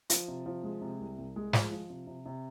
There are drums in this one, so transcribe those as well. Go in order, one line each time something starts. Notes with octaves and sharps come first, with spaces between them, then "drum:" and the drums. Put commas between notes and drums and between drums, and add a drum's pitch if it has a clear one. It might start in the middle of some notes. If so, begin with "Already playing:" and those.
F3, drum: hi-hat
C3
F3
G#3
C3
C2
C2
G#3
F3, drum: snare
F3
C3
C3
C3